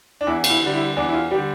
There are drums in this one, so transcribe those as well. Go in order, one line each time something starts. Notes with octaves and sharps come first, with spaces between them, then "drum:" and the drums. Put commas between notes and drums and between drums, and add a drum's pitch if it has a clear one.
D4
E2 E4
F4, drum: cymbal
E4
D3 G3
E4
E2 D4
E4
F4
D3 G3 G4